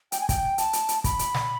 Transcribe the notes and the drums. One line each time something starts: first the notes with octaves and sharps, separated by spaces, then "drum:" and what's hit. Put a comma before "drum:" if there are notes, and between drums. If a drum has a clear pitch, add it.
G5, drum: hi-hat
G#5
G5, drum: kick, hi-hat
A5, drum: hi-hat
drum: hi-hat
drum: hi-hat
B5, drum: kick, hi-hat
drum: hi-hat
drum: snare